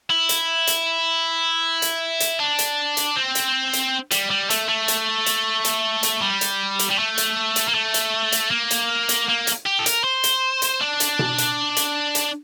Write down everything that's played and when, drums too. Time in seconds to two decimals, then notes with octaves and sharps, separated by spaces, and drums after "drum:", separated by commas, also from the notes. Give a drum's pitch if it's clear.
0.10 E4
0.29 drum: hi-hat
0.67 drum: hi-hat
1.82 drum: hi-hat
2.20 drum: hi-hat
2.39 D4
2.59 drum: hi-hat
2.97 drum: hi-hat
3.17 C4
3.35 drum: hi-hat
3.73 drum: hi-hat
4.11 G3, drum: hi-hat
4.30 G3
4.50 A3, drum: hi-hat
4.69 A3
4.88 drum: hi-hat
5.26 drum: hi-hat
5.65 drum: hi-hat
6.03 drum: hi-hat
6.21 G3
6.41 drum: hi-hat
6.79 drum: hi-hat
6.89 G3
6.98 A3
7.18 drum: hi-hat
7.56 drum: hi-hat
7.68 A#3
7.74 A3
7.94 drum: hi-hat
8.32 drum: hi-hat
8.51 A#3
8.71 drum: hi-hat
9.09 drum: hi-hat
9.29 A#3
9.47 drum: hi-hat
9.66 G4
9.79 A4
9.86 A#4, drum: hi-hat
10.04 C5
10.24 drum: hi-hat
10.62 drum: hi-hat
10.81 D4
11.00 drum: hi-hat
11.19 drum: tom B2
11.38 drum: hi-hat
11.77 drum: hi-hat
12.15 drum: hi-hat